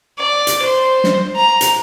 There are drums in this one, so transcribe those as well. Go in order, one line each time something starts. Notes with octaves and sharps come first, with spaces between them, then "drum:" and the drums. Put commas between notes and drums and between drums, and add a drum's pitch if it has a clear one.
D5
drum: hi-hat
C5
drum: snare
A#5
drum: hi-hat